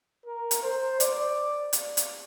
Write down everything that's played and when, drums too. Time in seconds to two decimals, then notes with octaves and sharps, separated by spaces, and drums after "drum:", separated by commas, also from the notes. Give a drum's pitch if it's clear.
0.26 A#4
0.51 drum: hi-hat
0.63 C5
1.00 D5, drum: hi-hat
1.73 drum: hi-hat
1.97 drum: hi-hat